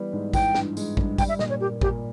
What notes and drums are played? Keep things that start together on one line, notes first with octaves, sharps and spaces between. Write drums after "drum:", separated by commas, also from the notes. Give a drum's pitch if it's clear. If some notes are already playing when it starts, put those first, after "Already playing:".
Already playing: E3 G3 B3
G#2
E3 G5, drum: kick, tambourine
G2, drum: snare
G#3, drum: tambourine
G2, drum: kick
G3 G5, drum: kick, tambourine
E5
A#2 D#5, drum: snare
C#5
A#3 G4
A#2 G4, drum: kick